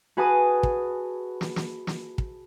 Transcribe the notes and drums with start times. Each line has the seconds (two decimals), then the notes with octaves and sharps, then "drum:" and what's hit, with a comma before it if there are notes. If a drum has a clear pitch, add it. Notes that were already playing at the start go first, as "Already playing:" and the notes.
0.17 F#4 G#4 B4 F#5 A5 D#6
0.63 drum: kick
1.41 drum: snare
1.56 drum: snare
1.87 drum: snare
2.18 drum: kick